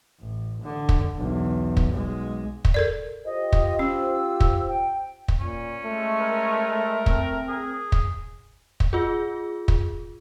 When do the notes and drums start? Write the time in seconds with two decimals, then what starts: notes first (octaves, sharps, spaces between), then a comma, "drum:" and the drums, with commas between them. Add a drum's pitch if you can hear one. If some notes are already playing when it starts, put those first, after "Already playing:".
0.20 A1
0.62 D3
0.89 drum: kick
1.17 B1 E2
1.77 drum: kick
1.93 B1 G#3
2.65 drum: kick
2.74 A4 A#4 D5
3.25 F4 G4 C5 D#5
3.53 drum: kick
3.79 C#4 E6
4.40 drum: kick
4.69 G5
5.28 drum: kick
5.40 A#2 C#4
5.85 G#3 A3
6.20 A#4
7.06 C4, drum: kick
7.48 G#4
7.92 drum: kick
8.80 drum: kick
8.93 F4 G#4
9.68 drum: kick